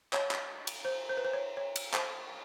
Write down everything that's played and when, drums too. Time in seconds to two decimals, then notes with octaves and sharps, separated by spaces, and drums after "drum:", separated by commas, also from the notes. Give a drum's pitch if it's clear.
0.13 C#5, drum: clap
0.31 drum: clap
0.67 drum: cymbal
0.85 C5
1.10 C5
1.17 B4
1.25 C5
1.33 C#5
1.57 C#5
1.76 drum: cymbal
1.94 C5, drum: clap